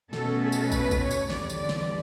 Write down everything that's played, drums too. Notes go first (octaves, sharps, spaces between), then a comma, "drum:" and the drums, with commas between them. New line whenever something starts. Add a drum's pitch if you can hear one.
B2 A3 C#4 A4, drum: snare
A4
drum: tambourine
B4, drum: kick, tambourine
drum: kick, tambourine
C#5
drum: tambourine
E2 D3 G3 D5, drum: snare
drum: tambourine
D5
drum: snare